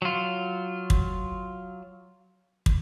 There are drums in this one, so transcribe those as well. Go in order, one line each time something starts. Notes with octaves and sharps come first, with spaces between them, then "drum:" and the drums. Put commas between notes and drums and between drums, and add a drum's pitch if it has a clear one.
F#3 F4
drum: kick
drum: kick